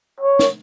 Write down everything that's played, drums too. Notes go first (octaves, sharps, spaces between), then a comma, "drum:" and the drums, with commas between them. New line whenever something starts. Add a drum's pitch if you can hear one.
C#5
drum: snare